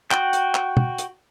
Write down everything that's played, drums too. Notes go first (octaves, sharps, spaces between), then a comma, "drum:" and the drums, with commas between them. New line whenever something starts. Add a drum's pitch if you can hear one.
F#4 G5, drum: clap
drum: hi-hat
drum: clap
drum: tom
drum: hi-hat